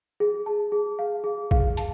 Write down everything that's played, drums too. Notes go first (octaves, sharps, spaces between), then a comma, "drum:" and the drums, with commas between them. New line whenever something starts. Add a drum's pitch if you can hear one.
G#4
A5
G#4
F5
G#4
F5, drum: kick
A5, drum: hi-hat